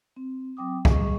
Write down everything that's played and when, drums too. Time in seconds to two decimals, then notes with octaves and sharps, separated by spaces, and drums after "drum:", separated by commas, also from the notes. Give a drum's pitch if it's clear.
0.16 C4
0.57 F#3 C4 G5 D6 D#6
0.85 G3 G#4 D#5 C#6, drum: kick